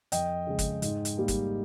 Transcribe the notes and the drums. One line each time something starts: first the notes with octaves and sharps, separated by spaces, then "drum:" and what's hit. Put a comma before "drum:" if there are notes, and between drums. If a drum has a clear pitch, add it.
F2 D#5 G5, drum: hi-hat
C#3 G#3
drum: kick, hi-hat
G#2, drum: hi-hat
drum: hi-hat
G3 A#3
drum: kick, hi-hat